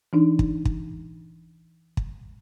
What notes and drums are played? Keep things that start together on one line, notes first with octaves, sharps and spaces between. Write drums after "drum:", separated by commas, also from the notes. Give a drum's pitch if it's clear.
E3 D4 D#4
drum: kick
drum: kick
drum: kick